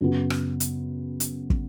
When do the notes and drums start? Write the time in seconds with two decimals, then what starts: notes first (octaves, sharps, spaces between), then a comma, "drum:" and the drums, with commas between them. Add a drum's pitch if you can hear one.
0.01 F#2 C#3 F#3 B3 F#4
0.30 drum: rim click
0.60 drum: hi-hat
1.20 drum: hi-hat
1.50 drum: kick